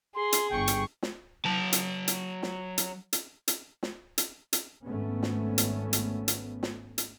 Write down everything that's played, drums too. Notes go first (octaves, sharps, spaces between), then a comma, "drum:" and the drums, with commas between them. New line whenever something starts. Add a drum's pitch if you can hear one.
G#4 C6
drum: hi-hat
G1 G5 C#6
drum: hi-hat
drum: snare
F#3 A5
drum: hi-hat
drum: hi-hat
drum: snare
drum: hi-hat
drum: hi-hat
drum: hi-hat
drum: snare
drum: hi-hat
drum: hi-hat
G#1 A3 B3 C#4
drum: snare
drum: hi-hat
drum: hi-hat
drum: hi-hat
drum: snare
drum: hi-hat